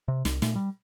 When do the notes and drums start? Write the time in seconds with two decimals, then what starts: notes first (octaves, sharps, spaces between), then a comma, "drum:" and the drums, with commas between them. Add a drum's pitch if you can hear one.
0.08 C3
0.25 C2, drum: snare
0.42 A#2 A3, drum: snare
0.56 G3